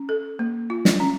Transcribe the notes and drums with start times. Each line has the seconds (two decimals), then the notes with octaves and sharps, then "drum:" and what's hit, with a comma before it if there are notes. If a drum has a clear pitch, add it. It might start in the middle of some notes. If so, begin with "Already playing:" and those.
Already playing: C#4
0.09 A4
0.39 A#3
0.70 F4
0.85 drum: snare
1.00 C#4